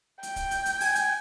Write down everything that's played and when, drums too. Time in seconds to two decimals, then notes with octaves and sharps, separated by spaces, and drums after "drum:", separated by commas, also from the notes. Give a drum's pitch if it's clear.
0.23 G5, drum: hi-hat
0.36 drum: kick, hi-hat
0.51 drum: hi-hat
0.66 drum: hi-hat
0.80 G#5, drum: open hi-hat
0.95 drum: hi-hat